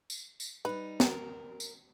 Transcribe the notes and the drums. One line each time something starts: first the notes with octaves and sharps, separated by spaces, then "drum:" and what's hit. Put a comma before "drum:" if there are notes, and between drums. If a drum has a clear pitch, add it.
drum: tambourine
drum: tambourine
G3 D#4 B4
A#4, drum: snare
drum: tambourine